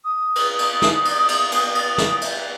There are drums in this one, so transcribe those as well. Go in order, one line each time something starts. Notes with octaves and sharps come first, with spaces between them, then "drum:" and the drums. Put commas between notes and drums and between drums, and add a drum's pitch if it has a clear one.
D#6
drum: cymbal
drum: cymbal
drum: snare
drum: cymbal
drum: cymbal
drum: cymbal
drum: cymbal
drum: snare
E5, drum: cymbal